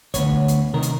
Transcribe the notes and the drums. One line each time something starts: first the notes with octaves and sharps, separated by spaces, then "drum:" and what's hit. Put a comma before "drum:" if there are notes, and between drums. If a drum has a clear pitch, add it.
D2 B3 C#5, drum: kick, hi-hat
drum: kick
drum: hi-hat
C3 D#3 A#4
drum: hi-hat